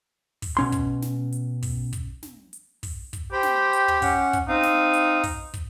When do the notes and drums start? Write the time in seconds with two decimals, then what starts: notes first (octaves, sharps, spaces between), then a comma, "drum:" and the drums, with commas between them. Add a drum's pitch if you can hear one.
0.42 drum: kick, open hi-hat
0.57 B2 C#4 C6
0.72 drum: kick, hi-hat
1.02 drum: snare
1.32 drum: hi-hat
1.63 drum: kick, open hi-hat
1.93 drum: kick, hi-hat
2.23 drum: snare
2.53 drum: hi-hat
2.83 drum: kick, open hi-hat
3.13 drum: kick, hi-hat
3.32 G4 C5 G5 B5
3.43 drum: snare
3.73 drum: hi-hat
3.88 drum: tom
4.02 C#4 F#5, drum: kick, open hi-hat
4.33 drum: kick, hi-hat
4.48 C4 D#4 F5
4.63 drum: snare
4.93 drum: hi-hat
5.23 drum: kick, open hi-hat
5.54 drum: kick, hi-hat